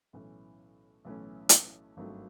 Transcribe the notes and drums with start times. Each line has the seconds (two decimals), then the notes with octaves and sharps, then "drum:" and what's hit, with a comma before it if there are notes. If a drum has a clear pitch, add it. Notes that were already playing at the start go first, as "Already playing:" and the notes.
0.13 B1 A2 E3 A3 C#4
1.05 B1 A2 E3 A3 C#4
1.49 drum: hi-hat
1.97 G#1 G2 D#3 F#3 A3